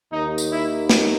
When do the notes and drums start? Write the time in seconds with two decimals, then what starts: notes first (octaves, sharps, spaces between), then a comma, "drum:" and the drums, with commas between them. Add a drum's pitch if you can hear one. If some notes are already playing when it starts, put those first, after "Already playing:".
0.12 D#2 D#3 A#3 D#4
0.38 drum: tambourine
0.51 E4
0.90 drum: snare